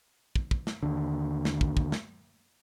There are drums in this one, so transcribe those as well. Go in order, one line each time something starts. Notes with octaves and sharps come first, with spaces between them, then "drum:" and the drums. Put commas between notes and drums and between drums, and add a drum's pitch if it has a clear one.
drum: kick
drum: kick
drum: snare
D#2 D3
drum: snare
drum: kick
drum: kick
drum: snare